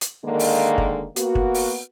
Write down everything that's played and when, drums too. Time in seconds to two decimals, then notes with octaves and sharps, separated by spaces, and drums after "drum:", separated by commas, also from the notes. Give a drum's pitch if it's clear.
0.01 drum: hi-hat
0.25 D3 D#3 G#3 A#3
0.39 drum: open hi-hat
0.78 drum: kick
1.16 A#3 B3 F#4, drum: hi-hat
1.35 drum: kick
1.54 drum: open hi-hat